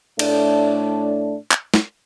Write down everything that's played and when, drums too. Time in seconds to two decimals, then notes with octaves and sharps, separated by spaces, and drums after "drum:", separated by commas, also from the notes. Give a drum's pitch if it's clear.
0.19 A2 A3 D4, drum: cymbal
1.51 drum: clap
1.74 drum: snare